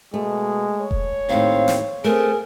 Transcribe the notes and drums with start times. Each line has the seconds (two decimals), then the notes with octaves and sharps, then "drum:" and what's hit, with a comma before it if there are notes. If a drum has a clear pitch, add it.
0.14 B2 G#3 A3
0.81 C#5
0.91 drum: kick E1
1.29 D#2 A2 C4 F5
1.68 drum: snare
2.04 A3 B3 C4 G#4 A#4